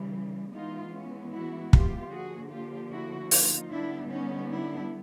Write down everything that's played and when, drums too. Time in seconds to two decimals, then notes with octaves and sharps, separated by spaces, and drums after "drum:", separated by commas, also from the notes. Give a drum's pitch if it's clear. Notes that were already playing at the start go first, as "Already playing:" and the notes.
Already playing: C#3 E3 G3
0.54 E3 G#3 B3 D#4 F4
0.93 C#4
1.33 E4 F#4
1.73 F4 G4, drum: kick
2.12 D3 F3 A#3 F#4 G#4
2.52 F4 G4
2.92 E4 F#4
3.31 D#4 F4, drum: open hi-hat
3.71 D3 G3 B3 D4 E4
4.10 C#4 D#4
4.50 D4 E4